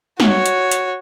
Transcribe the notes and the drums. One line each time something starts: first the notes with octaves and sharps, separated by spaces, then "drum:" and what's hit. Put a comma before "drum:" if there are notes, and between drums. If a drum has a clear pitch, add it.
F#4 C#5, drum: snare
drum: hi-hat
drum: hi-hat